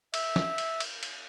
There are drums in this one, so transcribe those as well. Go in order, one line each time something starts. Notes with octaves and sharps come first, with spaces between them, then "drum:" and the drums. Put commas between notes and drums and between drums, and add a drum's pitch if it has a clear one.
E5, drum: cymbal
drum: snare
drum: cymbal
drum: cymbal
drum: cymbal